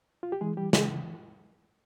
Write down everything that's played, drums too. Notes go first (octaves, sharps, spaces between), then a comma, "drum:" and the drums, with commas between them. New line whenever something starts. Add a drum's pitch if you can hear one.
F4
G4
E3 G#3 G#4
G3 G4
C#3 G#3 G#4, drum: snare